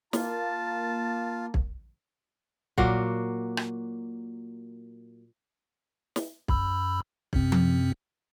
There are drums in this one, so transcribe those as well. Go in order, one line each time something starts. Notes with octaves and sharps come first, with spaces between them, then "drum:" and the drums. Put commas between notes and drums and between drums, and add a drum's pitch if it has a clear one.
A#3 F4 A5, drum: snare
drum: kick
A#2 F#3 A#3 F#4, drum: kick
drum: rim click
drum: snare
F#2 B5 E6, drum: kick
F#2 C3 C4, drum: kick
drum: tom F3